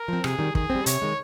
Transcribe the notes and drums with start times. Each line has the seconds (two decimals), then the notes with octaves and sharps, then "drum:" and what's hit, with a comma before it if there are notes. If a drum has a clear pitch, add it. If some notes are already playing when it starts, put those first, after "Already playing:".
Already playing: A#4
0.08 F3 C4
0.24 C3 G#4, drum: rim click
0.39 D#3 G3
0.55 D#3 G#4, drum: kick
0.70 C4
0.75 G3
0.86 C3 C#5, drum: hi-hat
1.02 D#3 G#3